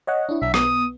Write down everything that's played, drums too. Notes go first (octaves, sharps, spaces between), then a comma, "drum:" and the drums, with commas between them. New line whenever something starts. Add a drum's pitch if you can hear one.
C#5 D#5 F#5
D4 E4
B1 E5
B3 D#6, drum: rim click